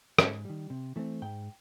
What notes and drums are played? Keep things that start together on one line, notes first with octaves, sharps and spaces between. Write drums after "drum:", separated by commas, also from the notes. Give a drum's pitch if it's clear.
G#2 G#5, drum: rim click
D#3 G3
C3
E3 A3 C4
G#2 G5